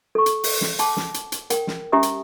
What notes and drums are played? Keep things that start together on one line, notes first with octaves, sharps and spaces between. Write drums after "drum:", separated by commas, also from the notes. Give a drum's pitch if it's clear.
A4 C#6
drum: hi-hat
drum: open hi-hat
drum: snare
G5 A5 D6, drum: hi-hat
drum: snare
drum: hi-hat
drum: hi-hat
A#4 G5, drum: hi-hat
drum: snare
C#4 G4 E5 G#5 A#5 D#6
drum: hi-hat